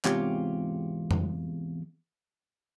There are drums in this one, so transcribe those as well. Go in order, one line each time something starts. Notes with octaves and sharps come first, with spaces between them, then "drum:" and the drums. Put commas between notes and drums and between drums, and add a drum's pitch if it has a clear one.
E2 G#2 C3 F4 G4 C#5, drum: clap
drum: tom